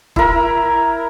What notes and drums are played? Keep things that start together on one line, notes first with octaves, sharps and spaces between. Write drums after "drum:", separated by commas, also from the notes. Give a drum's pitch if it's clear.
E4 A#4, drum: kick